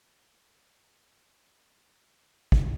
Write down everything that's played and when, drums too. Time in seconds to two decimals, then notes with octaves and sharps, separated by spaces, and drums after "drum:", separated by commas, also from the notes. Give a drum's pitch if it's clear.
0.15 F3 C#4
2.52 drum: kick